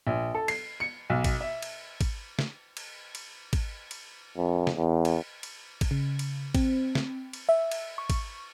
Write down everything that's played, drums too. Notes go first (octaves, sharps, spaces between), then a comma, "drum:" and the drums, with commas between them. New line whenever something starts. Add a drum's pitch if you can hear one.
A#1
A4
C7, drum: cymbal
C#7
B1
drum: kick, cymbal
E5
drum: cymbal
drum: kick, cymbal
drum: snare
drum: cymbal
drum: cymbal
drum: kick, cymbal
drum: cymbal
F2
drum: snare
E2
drum: cymbal
drum: cymbal
drum: kick, cymbal
C#3
drum: cymbal
C4, drum: kick, cymbal
drum: snare
drum: cymbal
E5
drum: cymbal
C#6
drum: kick, cymbal